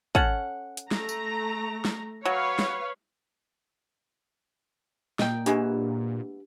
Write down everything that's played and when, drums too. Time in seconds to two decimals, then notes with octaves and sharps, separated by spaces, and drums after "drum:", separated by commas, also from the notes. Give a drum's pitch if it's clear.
0.15 C#4 A4 F#5, drum: kick
0.77 drum: hi-hat
0.91 A3 A#5, drum: snare
1.09 drum: tambourine
1.85 drum: snare
2.25 F#3 B4 C#5 F5
2.59 drum: snare
5.19 A#2 A#3 D#5 G5, drum: snare
5.46 E3 G#3 B3 D4 G4, drum: hi-hat